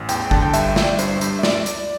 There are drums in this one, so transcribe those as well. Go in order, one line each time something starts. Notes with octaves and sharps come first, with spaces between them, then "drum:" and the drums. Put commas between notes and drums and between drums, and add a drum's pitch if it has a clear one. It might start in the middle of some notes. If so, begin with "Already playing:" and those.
Already playing: A1
E2 G5, drum: hi-hat
G5
D3 A5, drum: kick G#1
G5
G2 E5, drum: hi-hat
G5
G1 E5, drum: snare
D5
G2 C5, drum: hi-hat
G2, drum: hi-hat
E5
D5, drum: snare
drum: hi-hat